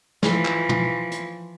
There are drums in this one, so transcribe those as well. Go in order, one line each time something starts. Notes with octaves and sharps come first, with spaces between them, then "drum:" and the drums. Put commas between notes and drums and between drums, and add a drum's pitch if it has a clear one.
E3 F3, drum: snare
drum: clap
drum: tom
drum: hi-hat